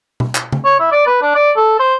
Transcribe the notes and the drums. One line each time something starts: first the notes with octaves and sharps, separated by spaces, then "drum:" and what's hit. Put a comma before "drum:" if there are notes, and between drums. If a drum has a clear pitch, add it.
drum: tom B2
drum: clap
drum: tom C#3
C#5
E4
D5
B4
D4
D5
A4
C5